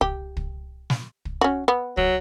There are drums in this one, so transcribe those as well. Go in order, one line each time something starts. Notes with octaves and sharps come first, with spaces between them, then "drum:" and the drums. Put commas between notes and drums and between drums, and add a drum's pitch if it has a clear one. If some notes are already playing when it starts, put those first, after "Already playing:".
G4, drum: kick
drum: kick
drum: snare
drum: kick
C#4 F#4
B3
F#3, drum: kick